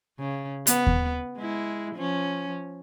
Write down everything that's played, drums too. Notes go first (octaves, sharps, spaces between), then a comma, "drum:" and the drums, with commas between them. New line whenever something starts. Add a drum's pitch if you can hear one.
C#3
B3, drum: hi-hat
drum: kick D#2
G#3 E4
F3 C#4